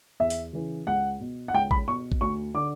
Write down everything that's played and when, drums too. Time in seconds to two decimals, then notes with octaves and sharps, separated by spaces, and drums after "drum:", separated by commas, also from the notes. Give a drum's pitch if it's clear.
0.20 E2 E5
0.30 drum: open hi-hat
0.53 C#3 E3
0.87 C#2 F#5
1.20 B2
1.48 F#5
1.54 C#2 G5
1.71 B5, drum: kick A1
1.88 B2 C#6
2.12 drum: kick A1
2.21 D2 C#6
2.54 D3 D6